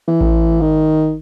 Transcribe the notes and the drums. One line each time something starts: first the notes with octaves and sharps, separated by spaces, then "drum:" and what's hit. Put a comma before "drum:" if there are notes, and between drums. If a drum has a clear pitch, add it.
E3
drum: kick A1
D#3